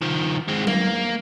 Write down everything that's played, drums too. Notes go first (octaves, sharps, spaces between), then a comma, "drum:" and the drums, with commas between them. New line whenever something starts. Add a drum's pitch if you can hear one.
D#3 F3
G#3 C4
A#3, drum: tom F#3